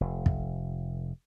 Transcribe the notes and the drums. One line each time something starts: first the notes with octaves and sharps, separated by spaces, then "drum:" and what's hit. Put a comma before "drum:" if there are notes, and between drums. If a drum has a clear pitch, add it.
F1
drum: kick